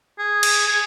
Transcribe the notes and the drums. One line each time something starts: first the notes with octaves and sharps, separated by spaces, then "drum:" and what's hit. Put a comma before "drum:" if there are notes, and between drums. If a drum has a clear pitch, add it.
G#4
drum: cymbal
G#4